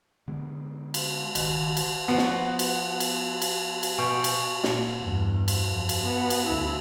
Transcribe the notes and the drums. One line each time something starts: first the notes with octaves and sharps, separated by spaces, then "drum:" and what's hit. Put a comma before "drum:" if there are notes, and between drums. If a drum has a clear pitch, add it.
D3 G#3 B3
drum: cymbal
D1 G#1 C#2 D#3, drum: cymbal
drum: cymbal
F3 B3 F#4
drum: snare
drum: cymbal
drum: cymbal
drum: cymbal
drum: cymbal
B2 G#5 C#6 G6
drum: cymbal
A#2, drum: snare
E2 G2
drum: cymbal
F2
drum: cymbal
B3
drum: cymbal
D2 E4